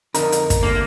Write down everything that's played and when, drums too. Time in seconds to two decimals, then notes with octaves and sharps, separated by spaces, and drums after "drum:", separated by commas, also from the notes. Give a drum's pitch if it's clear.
0.14 F2 D3 D#4 A#4 A#5, drum: hi-hat
0.32 drum: hi-hat
0.50 drum: kick, hi-hat
0.63 C2 D3 A#3